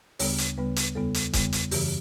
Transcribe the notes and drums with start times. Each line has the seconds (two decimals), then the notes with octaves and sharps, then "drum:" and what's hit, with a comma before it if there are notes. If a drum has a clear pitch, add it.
0.19 D2 C#3 G3 B3 C#5, drum: open hi-hat
0.38 drum: hi-hat
0.58 D2 C#3 G3 B3 B4
0.76 drum: hi-hat
0.95 E2 C#3 G3 B3 A4
1.14 drum: hi-hat
1.33 E2 C#3 G3 B3, drum: kick C#1, hi-hat
1.53 drum: hi-hat
1.71 F#2 C#3 E3 G4, drum: open hi-hat